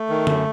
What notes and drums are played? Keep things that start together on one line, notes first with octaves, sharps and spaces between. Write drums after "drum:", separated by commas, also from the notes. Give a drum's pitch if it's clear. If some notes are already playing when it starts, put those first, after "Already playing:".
Already playing: A3
D#3
F#2, drum: tom D3